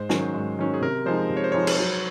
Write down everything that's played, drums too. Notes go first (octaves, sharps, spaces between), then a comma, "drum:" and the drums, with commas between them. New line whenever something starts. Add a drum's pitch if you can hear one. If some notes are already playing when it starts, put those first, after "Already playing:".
Already playing: G#2 C5
D#3 F#3 C#4, drum: snare
G#2
D#3 F#3 C#4
G#4
C3 A#4
F3 G#3 D#4 C5
C3
C#5
C5
F3 G#3 D#4 C#5
drum: cymbal
F#3